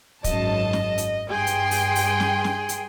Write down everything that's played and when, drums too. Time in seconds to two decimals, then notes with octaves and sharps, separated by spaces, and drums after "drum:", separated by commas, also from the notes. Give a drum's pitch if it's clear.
0.24 G#1 F#2 D#5 A5, drum: kick, hi-hat
0.73 drum: snare
0.98 drum: hi-hat
1.30 G2 G#4 G5 C6
1.47 drum: hi-hat
1.71 drum: open hi-hat
1.95 drum: open hi-hat
2.20 drum: snare
2.44 drum: snare
2.69 drum: hi-hat